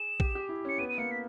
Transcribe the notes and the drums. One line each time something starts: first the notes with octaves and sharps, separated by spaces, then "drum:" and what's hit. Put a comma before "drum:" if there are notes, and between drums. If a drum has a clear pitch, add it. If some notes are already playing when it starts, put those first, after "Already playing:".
Already playing: G#4 E7
G4, drum: kick A#1
G4
E4
C#4 C#7
B3 D#7
D#7
A#3 C#7
B6